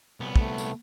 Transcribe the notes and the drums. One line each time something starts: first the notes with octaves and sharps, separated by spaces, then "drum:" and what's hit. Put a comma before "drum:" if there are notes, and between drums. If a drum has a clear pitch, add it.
C2 B3
A3, drum: kick
drum: tambourine